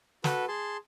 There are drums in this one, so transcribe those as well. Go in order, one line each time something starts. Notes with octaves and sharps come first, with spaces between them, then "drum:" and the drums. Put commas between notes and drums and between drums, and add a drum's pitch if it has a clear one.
F#4 A4 B4, drum: snare
G#4 A5 C6